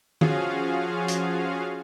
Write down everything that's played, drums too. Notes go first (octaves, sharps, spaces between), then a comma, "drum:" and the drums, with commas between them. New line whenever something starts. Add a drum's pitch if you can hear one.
F3 C#4 F4 F#4 G#4 F5, drum: tom
drum: hi-hat